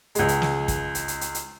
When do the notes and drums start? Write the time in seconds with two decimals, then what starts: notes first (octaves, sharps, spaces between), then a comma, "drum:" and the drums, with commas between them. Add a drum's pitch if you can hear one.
0.15 C#2 G#3, drum: hi-hat
0.28 drum: hi-hat
0.42 drum: snare
0.68 drum: kick, hi-hat
0.95 drum: hi-hat
1.08 drum: hi-hat
1.21 drum: hi-hat
1.34 drum: hi-hat